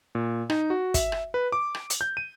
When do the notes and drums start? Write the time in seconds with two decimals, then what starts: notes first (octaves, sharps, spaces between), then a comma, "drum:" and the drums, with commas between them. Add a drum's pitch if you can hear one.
0.15 A#2
0.50 D#4, drum: rim click
0.70 F#4
0.94 E5, drum: kick, hi-hat
1.12 drum: rim click
1.34 B4
1.52 D6
1.75 drum: rim click
1.90 drum: hi-hat
2.01 G6
2.17 D#7